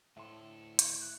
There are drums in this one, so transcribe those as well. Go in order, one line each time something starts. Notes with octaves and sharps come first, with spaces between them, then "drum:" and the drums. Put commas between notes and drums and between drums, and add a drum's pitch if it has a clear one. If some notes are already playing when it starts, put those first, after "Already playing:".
D2 A2 A4 E5 C6
drum: hi-hat
F#6